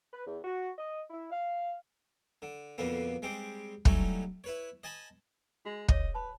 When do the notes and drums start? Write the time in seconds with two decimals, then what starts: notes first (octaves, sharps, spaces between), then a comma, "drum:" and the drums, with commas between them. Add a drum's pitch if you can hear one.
0.13 B4
0.26 E2
0.44 F#4
0.78 D#5
1.10 E4
1.31 F5
2.42 D3
2.78 F2 B2 D3 A#3 B3
3.22 G3 G#3 C4 G4
3.85 F#3 G3 A3 C#4 D#4 E4, drum: kick
4.44 E4 B4 C#5
4.84 D#5 G#5 A5 B5
5.65 G#3 F#4
5.88 G#4 C#5 D#5, drum: kick
6.15 B4 A5 B5